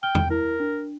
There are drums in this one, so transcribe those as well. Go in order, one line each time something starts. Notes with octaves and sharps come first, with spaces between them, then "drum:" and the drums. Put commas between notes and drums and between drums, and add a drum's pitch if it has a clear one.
G5 F6 G7
drum: tom E2
E4 A#4
D4